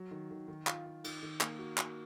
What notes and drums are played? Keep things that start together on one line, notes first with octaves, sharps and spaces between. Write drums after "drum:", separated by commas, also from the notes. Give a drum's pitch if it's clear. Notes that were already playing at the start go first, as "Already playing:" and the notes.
Already playing: F#3
D#3
D#3
D#3
F4, drum: clap
F4
D#3, drum: cymbal
D#3
A#3, drum: clap
F#4
F#4, drum: clap